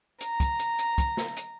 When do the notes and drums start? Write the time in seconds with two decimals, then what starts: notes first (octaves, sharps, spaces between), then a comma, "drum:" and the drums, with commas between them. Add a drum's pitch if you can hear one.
0.21 A#5, drum: hi-hat
0.40 drum: kick, hi-hat
0.59 drum: hi-hat
0.79 drum: hi-hat
0.98 drum: kick, hi-hat
1.17 drum: snare
1.37 drum: hi-hat